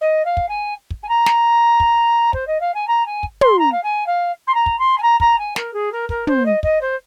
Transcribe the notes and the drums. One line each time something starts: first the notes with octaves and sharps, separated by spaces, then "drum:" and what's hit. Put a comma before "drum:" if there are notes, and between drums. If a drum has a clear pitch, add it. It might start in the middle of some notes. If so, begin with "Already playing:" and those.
D#5
F5
drum: kick
G#5
drum: kick
G#5
A#5
drum: snare
drum: kick
C5, drum: kick
D#5
F5
G#5
A#5
G#5
drum: kick
C6, drum: tom
A#5
F5
G#5
F5
C6
A#5
drum: kick
C6
G#5
A#5
A#5, drum: kick
G#5
A#4, drum: snare
G#4
A#4
A#4, drum: kick
C5, drum: tom
D#5
D#5, drum: kick
C5